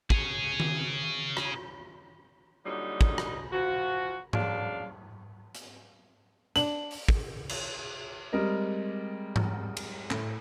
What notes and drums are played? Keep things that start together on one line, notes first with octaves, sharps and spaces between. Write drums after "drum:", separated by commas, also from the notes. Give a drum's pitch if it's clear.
G#4 C#5, drum: kick
drum: tom D#3
drum: rim click
A#2 D3 F#3 G3 D#4
drum: kick
drum: rim click
F3 F#4
D2 C#3 D4 F5, drum: tom G#2
drum: hi-hat
D4 F#7, drum: hi-hat
drum: open hi-hat
drum: kick
drum: cymbal
G3 G#3 C4 A#4 D#5
drum: tom G#2
drum: cymbal
A2, drum: clap